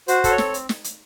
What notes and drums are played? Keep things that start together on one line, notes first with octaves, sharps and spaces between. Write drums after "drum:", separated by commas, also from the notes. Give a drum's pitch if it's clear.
F#4 C5, drum: hi-hat
A4, drum: kick, hi-hat
C#5
C4, drum: snare
drum: hi-hat
drum: snare
drum: hi-hat